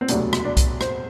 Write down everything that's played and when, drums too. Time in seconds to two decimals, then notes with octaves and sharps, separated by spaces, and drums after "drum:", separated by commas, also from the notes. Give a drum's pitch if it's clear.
0.01 C4
0.08 E1 D2 C3 F#3 A3 D4, drum: hi-hat
0.33 drum: rim click
0.44 D4
0.57 drum: kick C2, hi-hat
0.81 C5, drum: rim click